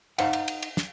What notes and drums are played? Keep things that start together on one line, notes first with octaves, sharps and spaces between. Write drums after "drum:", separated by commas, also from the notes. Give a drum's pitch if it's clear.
D#4 C5 F5 F#5, drum: cymbal
drum: cymbal
drum: cymbal
drum: cymbal
drum: snare